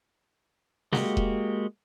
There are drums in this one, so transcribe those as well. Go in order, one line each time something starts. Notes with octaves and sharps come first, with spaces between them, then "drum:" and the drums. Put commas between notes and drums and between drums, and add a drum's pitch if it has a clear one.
G#3 A#3 F#4 G4, drum: snare
drum: kick E1